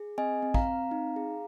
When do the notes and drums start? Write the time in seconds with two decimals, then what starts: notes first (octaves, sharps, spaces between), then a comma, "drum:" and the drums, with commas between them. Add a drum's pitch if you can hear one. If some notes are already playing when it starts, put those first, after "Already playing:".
Already playing: G#4
0.18 C4 D#5 G#5
0.42 C4
0.54 F5 A#5, drum: kick
0.67 C4
0.91 D#4
1.16 G#4